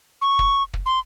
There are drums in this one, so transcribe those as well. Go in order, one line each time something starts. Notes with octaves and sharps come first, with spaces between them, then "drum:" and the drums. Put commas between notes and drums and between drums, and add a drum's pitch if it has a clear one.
C#6
drum: kick
drum: kick
C6